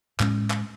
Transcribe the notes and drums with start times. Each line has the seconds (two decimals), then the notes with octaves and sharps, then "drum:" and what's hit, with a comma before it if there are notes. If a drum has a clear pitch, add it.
0.20 A2 G#3 C#4, drum: clap
0.50 drum: clap